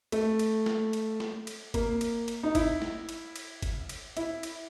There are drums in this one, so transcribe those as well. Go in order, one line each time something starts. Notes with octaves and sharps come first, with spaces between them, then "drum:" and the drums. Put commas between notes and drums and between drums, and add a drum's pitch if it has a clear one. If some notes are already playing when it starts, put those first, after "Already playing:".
A3, drum: cymbal
drum: cymbal
drum: snare
drum: cymbal
drum: snare
drum: cymbal
A#3, drum: kick G1, cymbal
drum: cymbal
drum: cymbal
D#4
E4, drum: kick G1, cymbal
drum: snare
drum: cymbal
drum: cymbal
drum: kick G1, cymbal
drum: cymbal
E4, drum: cymbal
drum: cymbal